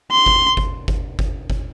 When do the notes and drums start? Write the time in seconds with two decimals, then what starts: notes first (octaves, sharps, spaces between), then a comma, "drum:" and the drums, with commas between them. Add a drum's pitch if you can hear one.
0.12 C6
0.26 drum: kick G1
0.57 drum: kick G1
0.88 drum: kick G1
1.19 drum: kick G1
1.50 drum: kick G1